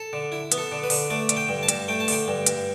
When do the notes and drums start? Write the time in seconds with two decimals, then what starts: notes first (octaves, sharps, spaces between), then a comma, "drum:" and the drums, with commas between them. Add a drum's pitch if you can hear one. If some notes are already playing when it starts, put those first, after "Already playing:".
Already playing: A4
0.13 D3
0.32 E4
0.52 B3, drum: hi-hat
0.58 A4
0.72 D3
0.83 B4
0.90 D3, drum: open hi-hat
1.10 A3 D5
1.29 D3, drum: hi-hat
1.37 G5
1.49 G2
1.63 A5
1.69 G2, drum: hi-hat
1.88 A3 G5
2.00 A5
2.08 D3 G5, drum: open hi-hat
2.28 G2
2.46 G2, drum: hi-hat